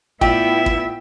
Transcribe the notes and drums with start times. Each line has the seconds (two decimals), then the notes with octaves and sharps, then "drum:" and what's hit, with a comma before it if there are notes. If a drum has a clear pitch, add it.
0.21 A2 B3 E4 F4 D5 E5 G5, drum: kick
0.66 drum: kick